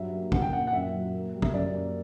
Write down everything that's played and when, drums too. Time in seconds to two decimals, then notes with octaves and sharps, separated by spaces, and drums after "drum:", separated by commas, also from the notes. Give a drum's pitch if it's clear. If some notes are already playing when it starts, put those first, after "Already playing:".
Already playing: G2 F#3 E5
0.12 A#3
0.32 A#3 F#5, drum: kick
0.42 G5
0.52 A#2 F#5
0.67 F#5
0.72 F#2 E5
0.93 F#3
1.14 A#3
1.34 G3
1.42 E5, drum: kick
1.54 F#2 D5
1.74 A#3